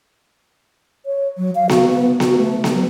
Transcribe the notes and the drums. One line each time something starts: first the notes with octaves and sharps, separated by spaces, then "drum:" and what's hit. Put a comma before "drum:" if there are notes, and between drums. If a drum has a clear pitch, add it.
C#5
F#3
F5
F#4, drum: snare B3
B3
F#4, drum: snare B3
A3
drum: snare B3
F#3